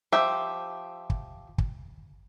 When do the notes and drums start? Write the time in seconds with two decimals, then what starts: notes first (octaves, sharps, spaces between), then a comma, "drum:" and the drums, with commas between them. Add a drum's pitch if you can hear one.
0.12 F3 G4 E5 G5
1.10 drum: kick
1.58 drum: kick